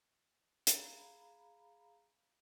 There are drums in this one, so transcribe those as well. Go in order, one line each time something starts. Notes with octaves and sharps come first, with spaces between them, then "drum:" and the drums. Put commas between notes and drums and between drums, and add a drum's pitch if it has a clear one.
G#4 F5 A#5 B5, drum: hi-hat